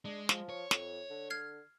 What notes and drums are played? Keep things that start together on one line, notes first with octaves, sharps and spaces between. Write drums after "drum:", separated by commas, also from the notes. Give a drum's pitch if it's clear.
G#3 D4
F3, drum: snare
C#5
F2, drum: snare
D3
F6 G#6 C7